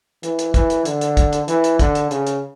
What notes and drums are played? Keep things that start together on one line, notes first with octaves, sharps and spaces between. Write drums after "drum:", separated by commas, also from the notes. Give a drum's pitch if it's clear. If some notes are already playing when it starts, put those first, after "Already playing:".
E3, drum: hi-hat
drum: hi-hat
E3, drum: kick, hi-hat
drum: hi-hat
D3, drum: hi-hat
drum: hi-hat
drum: kick, hi-hat
drum: hi-hat
E3, drum: hi-hat
drum: hi-hat
D3, drum: kick, hi-hat
drum: hi-hat
C#3, drum: hi-hat
drum: hi-hat